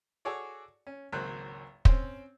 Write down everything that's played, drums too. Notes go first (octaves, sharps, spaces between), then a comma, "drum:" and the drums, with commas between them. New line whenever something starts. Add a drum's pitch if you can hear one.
F#4 G#4 A4 C#5 D5
C#4
G#1 C#2 F#3 A#3 C5 F#6
C4 C#4 C5, drum: kick